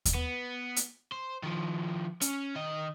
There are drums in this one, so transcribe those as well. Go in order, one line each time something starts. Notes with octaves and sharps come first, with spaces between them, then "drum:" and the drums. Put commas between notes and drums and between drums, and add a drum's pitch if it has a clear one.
drum: kick D#2, hi-hat
B3
drum: hi-hat
C5
D#3 F3
C#4, drum: hi-hat
D#3 D#5